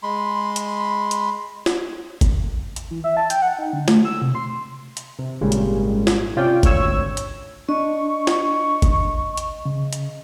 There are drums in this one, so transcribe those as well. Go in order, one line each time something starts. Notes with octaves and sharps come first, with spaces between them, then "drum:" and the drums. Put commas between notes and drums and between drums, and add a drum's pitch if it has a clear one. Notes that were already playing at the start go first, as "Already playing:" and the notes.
G#3 B5 C6
drum: hi-hat
drum: hi-hat
drum: snare
drum: kick, hi-hat
drum: hi-hat
E3
E5
A5
G5, drum: hi-hat
F#5
D#4
D3
A3, drum: snare
E6
C3
C6
drum: hi-hat
C3
G#1 A#2 C#3 G3 G#3
drum: hi-hat
drum: snare
C3 C#4 F4 D5 G5
G#1 D2 C#5 E6 G#6, drum: kick, hi-hat
drum: hi-hat
D4 D#5 C#6
drum: snare
drum: kick, hi-hat
drum: hi-hat
C#3
drum: hi-hat